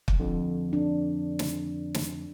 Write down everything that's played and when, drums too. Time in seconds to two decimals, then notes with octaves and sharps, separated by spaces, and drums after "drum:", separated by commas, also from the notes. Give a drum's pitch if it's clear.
0.08 drum: kick
0.19 F2 D3
0.73 D4
1.39 drum: snare
1.94 drum: snare